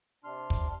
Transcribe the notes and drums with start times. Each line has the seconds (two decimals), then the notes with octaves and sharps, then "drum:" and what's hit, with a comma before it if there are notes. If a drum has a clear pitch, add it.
0.24 C3 D4 C6 F6
0.50 drum: kick